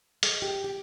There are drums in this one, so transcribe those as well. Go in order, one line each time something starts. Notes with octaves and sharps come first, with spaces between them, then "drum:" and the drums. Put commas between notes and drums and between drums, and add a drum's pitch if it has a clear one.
G#3, drum: hi-hat
G4
G4